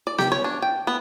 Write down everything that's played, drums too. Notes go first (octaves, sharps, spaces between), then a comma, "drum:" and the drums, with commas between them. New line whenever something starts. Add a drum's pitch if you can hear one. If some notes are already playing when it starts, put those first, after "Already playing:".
D5
G4, drum: snare B3
C#5
D4
G5
B3